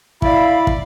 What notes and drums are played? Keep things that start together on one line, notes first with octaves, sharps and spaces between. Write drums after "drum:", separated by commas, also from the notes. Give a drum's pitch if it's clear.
E4 D5 F5 B5, drum: kick
drum: kick